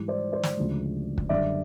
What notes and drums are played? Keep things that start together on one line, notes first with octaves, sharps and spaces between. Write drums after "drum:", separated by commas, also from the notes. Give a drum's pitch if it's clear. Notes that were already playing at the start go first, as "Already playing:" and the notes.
Already playing: G#2 E3 G3
C5 D5
C5 D5
drum: snare
D2 C#3 F3 G#3
drum: kick
F#2 D3 G3 D5 E5